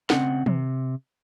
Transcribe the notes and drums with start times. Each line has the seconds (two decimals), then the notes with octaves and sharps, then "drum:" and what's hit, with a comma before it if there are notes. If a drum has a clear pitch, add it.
0.10 C#3 C4 F#5, drum: snare
0.46 C3, drum: tom